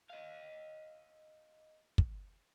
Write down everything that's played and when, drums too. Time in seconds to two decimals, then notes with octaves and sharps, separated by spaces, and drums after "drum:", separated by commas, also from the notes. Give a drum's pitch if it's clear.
0.10 D#5 F5
1.98 drum: kick